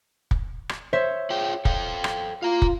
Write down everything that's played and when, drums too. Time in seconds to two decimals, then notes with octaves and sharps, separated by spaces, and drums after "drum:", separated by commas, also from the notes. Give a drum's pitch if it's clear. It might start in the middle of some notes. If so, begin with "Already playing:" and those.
0.31 drum: kick
0.69 drum: rim click
0.93 C5 C#5 E5
1.30 F4 G#4 G5
1.65 A4 F5 G5, drum: kick
2.04 drum: rim click
2.43 F4 F5 A#5
2.62 drum: kick